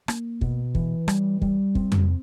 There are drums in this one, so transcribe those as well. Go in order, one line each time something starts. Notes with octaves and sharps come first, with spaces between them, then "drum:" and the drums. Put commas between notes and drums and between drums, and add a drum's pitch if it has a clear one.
A#3, drum: rim click
B2, drum: kick
E3, drum: kick
G3, drum: rim click
G3, drum: kick
C4, drum: kick
drum: tom F2